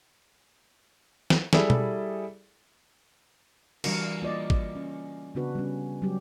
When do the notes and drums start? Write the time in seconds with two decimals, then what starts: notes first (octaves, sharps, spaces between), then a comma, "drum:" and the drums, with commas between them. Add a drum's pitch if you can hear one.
1.30 drum: snare
1.53 G3 E4 G#4 A4 D5 E5, drum: snare
1.70 drum: tom B2
3.84 E3 G3 D4 F#4 A#4, drum: cymbal
4.22 A#3 F4 D5 D#5
4.50 drum: kick
4.76 C#4
5.35 C#3 B3 D4 F#4 B4
5.55 G3 C#4
6.02 F#3 G3 G4